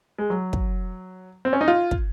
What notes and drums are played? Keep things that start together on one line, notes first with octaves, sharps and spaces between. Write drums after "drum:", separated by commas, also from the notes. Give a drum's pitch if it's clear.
G#3
F#3
drum: kick
C4
C#4
D#4
F4
drum: kick